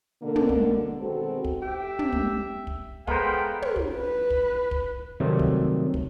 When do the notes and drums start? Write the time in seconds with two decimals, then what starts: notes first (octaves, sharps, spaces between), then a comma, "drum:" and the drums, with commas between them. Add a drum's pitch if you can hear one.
0.22 B2 D3 A#3
0.36 drum: tom
0.49 drum: kick
0.99 B2 D#3 G#3 C4 F#4 A4
1.44 drum: kick
1.62 G4 E5
1.99 drum: tom
2.13 drum: kick
2.67 drum: kick
3.07 G#3 B3 A4 A#4 C5 F5 G5 B5, drum: kick
3.62 drum: tom
3.76 drum: kick
3.94 B4
4.30 drum: kick
4.71 drum: kick
5.20 C3 D#3 F#3 G3 A3
5.39 drum: kick
5.94 drum: kick